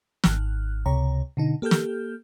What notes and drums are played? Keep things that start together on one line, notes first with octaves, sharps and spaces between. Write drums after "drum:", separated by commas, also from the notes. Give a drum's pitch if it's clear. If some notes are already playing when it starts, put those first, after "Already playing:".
G#1 F6 F#6, drum: snare
C#2 C3 C#5 A#5
B2 D3 D#4
A#3 G4 A4 F6 G6
drum: snare